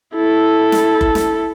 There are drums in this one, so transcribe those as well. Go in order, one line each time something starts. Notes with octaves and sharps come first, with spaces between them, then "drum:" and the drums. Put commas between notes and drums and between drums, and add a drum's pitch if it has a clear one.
E4 A4
drum: snare
drum: kick F#1
drum: snare